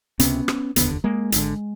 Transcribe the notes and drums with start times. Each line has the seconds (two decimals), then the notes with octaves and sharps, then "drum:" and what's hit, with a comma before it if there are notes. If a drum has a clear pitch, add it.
0.20 C#2 C3 B3 C#4, drum: hi-hat
0.48 drum: rim click
0.76 F1 D#2 D3 B3, drum: hi-hat
1.04 G#3 A#3
1.32 G#1 G2 D3, drum: hi-hat